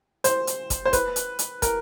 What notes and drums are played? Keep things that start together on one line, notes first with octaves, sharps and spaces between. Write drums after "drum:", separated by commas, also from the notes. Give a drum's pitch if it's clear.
C5, drum: hi-hat
drum: hi-hat
drum: kick, hi-hat
C5
B4, drum: kick, hi-hat
drum: hi-hat
drum: hi-hat
A#4, drum: kick, hi-hat